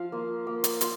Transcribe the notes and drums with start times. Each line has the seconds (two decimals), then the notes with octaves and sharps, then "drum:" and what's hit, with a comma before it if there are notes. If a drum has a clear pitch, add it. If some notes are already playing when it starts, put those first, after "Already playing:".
Already playing: F3 F5
0.12 A#3 F4
0.47 A#3
0.64 drum: hi-hat
0.81 F4, drum: hi-hat